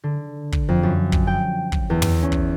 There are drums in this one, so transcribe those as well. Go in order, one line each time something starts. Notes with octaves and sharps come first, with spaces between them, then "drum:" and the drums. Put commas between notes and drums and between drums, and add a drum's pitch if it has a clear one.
D3
drum: kick
F2
F#2
drum: kick
G5
drum: kick
E2
drum: tom
C#4
drum: kick